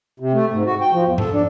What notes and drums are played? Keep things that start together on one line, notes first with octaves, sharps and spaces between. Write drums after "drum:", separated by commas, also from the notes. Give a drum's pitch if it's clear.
C3
A3
G#2
F#4
G5
F3
E2
A4, drum: tom G2
D4